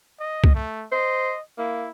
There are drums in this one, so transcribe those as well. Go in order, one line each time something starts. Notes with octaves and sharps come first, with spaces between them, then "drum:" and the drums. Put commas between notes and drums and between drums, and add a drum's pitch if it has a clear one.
D#5
drum: kick C2
A3
C5 D#5
A#3 E4